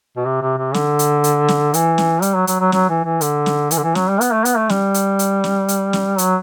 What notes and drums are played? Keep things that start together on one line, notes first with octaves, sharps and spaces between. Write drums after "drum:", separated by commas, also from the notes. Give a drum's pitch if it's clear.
B2
C3
C3
C3
D3, drum: snare
drum: hi-hat
drum: hi-hat
drum: snare
E3, drum: hi-hat
drum: snare
G3, drum: hi-hat
F#3
F#3, drum: hi-hat
F#3
F#3, drum: snare
E3
E3
D3, drum: hi-hat
drum: snare
E3, drum: hi-hat
D3
E3
F#3, drum: snare
G3
B3, drum: hi-hat
A3
B3, drum: hi-hat
A3
G3, drum: snare
drum: hi-hat
drum: hi-hat
drum: snare
drum: hi-hat
drum: snare
F#3, drum: hi-hat